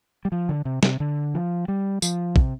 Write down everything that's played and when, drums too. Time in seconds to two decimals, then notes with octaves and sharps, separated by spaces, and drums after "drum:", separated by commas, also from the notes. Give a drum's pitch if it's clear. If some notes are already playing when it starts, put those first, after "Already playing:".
0.25 G3
0.32 F3
0.49 D3
0.65 C3
0.83 C3, drum: snare
1.00 D3
1.35 F3
1.68 G3
2.02 F3, drum: tambourine
2.36 C3, drum: kick